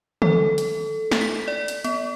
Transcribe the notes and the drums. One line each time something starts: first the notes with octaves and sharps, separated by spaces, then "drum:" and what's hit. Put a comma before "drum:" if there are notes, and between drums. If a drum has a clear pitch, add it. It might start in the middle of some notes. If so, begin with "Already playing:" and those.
A4, drum: tom D3
drum: hi-hat
drum: snare
B6
D5
drum: hi-hat
B3, drum: hi-hat